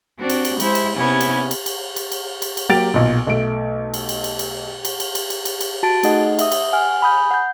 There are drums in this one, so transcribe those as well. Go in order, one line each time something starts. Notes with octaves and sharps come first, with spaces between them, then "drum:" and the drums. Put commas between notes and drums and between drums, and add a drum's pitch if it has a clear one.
C4 D4 F#4
drum: cymbal
drum: cymbal
G#3 E4 C5 E5, drum: cymbal
drum: cymbal
C3 B3 C#4 E4 G#6
drum: cymbal
drum: cymbal
drum: cymbal
drum: cymbal
drum: cymbal
drum: cymbal
drum: cymbal
F#3 A#3 G4 A6 D7 F7
B1 A#2
B1 A3 D7
drum: cymbal
drum: cymbal
drum: cymbal
drum: cymbal
drum: cymbal
drum: cymbal
drum: cymbal
drum: cymbal
drum: cymbal
drum: cymbal
F#4 A5 A6 D7
A3 D#4 G#4 D#5 F#5, drum: cymbal
E5 D#6, drum: cymbal
drum: cymbal
F#5 G#5 F6
G#5 B5 D#6 G6
F#5 G6